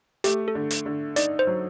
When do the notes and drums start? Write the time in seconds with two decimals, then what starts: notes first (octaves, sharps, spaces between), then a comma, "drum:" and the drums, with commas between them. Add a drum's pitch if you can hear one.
0.24 A3 G4, drum: hi-hat
0.48 A4
0.55 D3
0.71 drum: hi-hat
0.86 D3
1.16 D#4 D5, drum: hi-hat
1.39 C5
1.47 F#3